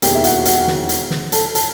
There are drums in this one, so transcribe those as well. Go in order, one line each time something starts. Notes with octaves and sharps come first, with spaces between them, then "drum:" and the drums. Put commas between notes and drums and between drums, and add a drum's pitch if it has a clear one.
E1 D#2 D#3 G4 G5, drum: hi-hat
E5
F#4 F#5, drum: hi-hat
F#4 F#5, drum: hi-hat
drum: snare
drum: hi-hat
drum: snare
A4 A5, drum: hi-hat
A5, drum: hi-hat